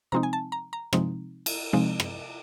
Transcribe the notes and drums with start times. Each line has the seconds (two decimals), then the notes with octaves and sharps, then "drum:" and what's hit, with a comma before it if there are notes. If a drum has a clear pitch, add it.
0.12 C3 F3 G#3 C4 D#4 A#5
0.23 G#5
0.33 A5
0.52 A#5
0.73 A#5
0.93 C3 F3 G#3 C4 D#4, drum: rim click
1.46 drum: cymbal
1.73 C3 F3 G#3 C4 D#4
2.00 drum: rim click